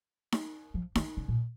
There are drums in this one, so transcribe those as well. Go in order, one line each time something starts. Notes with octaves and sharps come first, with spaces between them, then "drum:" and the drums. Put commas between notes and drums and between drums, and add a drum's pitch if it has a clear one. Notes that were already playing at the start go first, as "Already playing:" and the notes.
drum: snare D#4
F3
D#3, drum: snare D#4
C#3
A#2